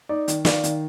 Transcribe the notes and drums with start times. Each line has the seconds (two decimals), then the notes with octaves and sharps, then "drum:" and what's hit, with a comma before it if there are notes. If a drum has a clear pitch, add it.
0.09 D#4 D5
0.28 D#3, drum: hi-hat
0.45 D#3 D5 F5, drum: snare
0.64 D#3, drum: hi-hat